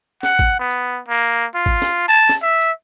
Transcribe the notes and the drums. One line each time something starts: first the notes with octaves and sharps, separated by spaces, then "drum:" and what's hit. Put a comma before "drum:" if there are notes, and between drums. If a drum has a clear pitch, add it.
F#5, drum: snare
drum: kick G#1, tambourine
B3
drum: tambourine
A#3
F4
drum: kick G#1, tambourine
drum: snare
A5
drum: snare
E5
drum: tambourine